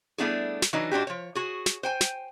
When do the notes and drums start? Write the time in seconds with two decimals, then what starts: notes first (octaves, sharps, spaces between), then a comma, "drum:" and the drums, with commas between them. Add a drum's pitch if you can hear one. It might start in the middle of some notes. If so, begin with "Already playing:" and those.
0.18 G3 A3 B3 D4 E4 G#4
0.62 drum: snare
0.73 E3 F#3 D4 D#4
0.91 G#2 D4 F#4 G4
1.07 F3 C#5
1.35 F#4 G#4
1.66 drum: snare
1.83 C5 G5 G#5
2.01 drum: snare